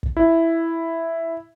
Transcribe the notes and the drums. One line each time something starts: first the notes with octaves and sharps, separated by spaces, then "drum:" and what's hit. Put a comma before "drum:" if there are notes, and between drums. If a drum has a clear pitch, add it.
drum: kick
E4